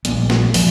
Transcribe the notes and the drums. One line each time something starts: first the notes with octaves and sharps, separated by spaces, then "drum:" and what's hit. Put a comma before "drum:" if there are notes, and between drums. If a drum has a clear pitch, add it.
A#1 A#2 G3 B3, drum: hi-hat
drum: snare
F3 G#3, drum: open hi-hat